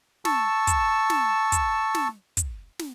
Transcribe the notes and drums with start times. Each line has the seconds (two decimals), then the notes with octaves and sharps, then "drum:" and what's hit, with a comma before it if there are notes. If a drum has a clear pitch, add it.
0.25 A5 C#6 E6, drum: snare
0.67 drum: kick, hi-hat
1.10 drum: snare
1.52 drum: kick, hi-hat
1.95 drum: snare
2.37 drum: kick, hi-hat
2.79 drum: snare